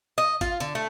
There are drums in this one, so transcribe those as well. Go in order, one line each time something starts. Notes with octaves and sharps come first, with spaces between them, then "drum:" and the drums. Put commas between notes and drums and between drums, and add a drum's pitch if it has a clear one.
D#5
F4, drum: kick G#1, hi-hat
D3, drum: hi-hat
A3